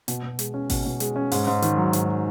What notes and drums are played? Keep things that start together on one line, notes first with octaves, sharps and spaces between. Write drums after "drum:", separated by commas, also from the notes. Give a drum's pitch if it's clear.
B2, drum: hi-hat
B2
G#3, drum: hi-hat
C#4
B2, drum: kick G#1, open hi-hat
B2
G#3, drum: hi-hat
C#4
G#2, drum: open hi-hat
G#2
D#3, drum: hi-hat
F#3
G#2, drum: hi-hat